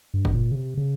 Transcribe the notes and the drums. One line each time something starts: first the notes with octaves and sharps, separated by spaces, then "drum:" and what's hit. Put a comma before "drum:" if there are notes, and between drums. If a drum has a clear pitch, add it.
G2
drum: kick
A#2
C#3
C3
C#3